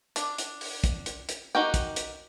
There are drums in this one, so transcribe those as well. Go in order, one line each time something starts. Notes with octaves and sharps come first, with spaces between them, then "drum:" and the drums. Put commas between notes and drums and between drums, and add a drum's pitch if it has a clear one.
D4, drum: hi-hat
drum: hi-hat
drum: open hi-hat
drum: kick, hi-hat
drum: hi-hat
drum: hi-hat
D#4 F#4 G4 A#4 G5
drum: kick, hi-hat
drum: hi-hat